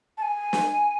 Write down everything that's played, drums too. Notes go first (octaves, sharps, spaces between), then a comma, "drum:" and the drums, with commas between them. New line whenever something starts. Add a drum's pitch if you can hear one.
A5
G#5
drum: snare